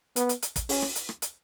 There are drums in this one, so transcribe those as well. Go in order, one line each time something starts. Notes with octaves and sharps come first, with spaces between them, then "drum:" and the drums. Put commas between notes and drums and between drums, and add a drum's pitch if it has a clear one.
B3, drum: hi-hat
drum: hi-hat
drum: hi-hat
drum: kick, hi-hat
C#4, drum: open hi-hat
drum: rim click
drum: hi-hat
drum: rim click
drum: hi-hat